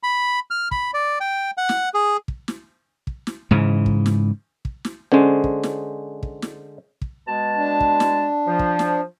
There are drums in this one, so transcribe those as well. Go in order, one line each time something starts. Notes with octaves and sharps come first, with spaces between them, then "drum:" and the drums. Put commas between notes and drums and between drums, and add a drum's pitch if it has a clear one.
B5
F6
B5, drum: kick
D5
G5
F#5
drum: snare
G#4
drum: kick
drum: snare
drum: kick
drum: snare
G#2 C#3 E3
drum: kick
drum: snare
drum: kick
drum: snare
D3 G#3 C#4 C5
drum: kick
drum: snare
drum: kick
drum: snare
drum: kick
B2 G#3 A5
D4
drum: kick
drum: snare
F3
drum: kick
drum: snare